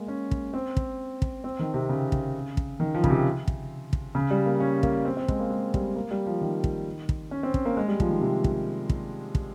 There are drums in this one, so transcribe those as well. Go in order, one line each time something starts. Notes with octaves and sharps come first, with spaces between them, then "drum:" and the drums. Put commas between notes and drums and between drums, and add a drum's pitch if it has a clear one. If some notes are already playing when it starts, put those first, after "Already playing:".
Already playing: G#3 A#3
C#4
drum: kick
C4
drum: kick
drum: kick
C4
D#3
C3
C#3
drum: kick
drum: kick
D#3
F3
C#3, drum: kick
C3
drum: kick
drum: kick
C#3
G3
A#3
C#4
A#3, drum: kick
C4
C4
G#3, drum: kick
A#3
G#3
G3, drum: kick
A#3
G3
F3
D#3
drum: kick
drum: kick
C#4
C4
drum: kick
A#3
G#3
G3
F3, drum: kick
D#3
C3
drum: kick
drum: kick
drum: kick